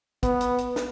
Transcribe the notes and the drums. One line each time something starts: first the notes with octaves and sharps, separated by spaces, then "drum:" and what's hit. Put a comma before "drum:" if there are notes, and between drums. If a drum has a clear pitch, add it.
B3, drum: kick, hi-hat
drum: hi-hat
drum: hi-hat
drum: snare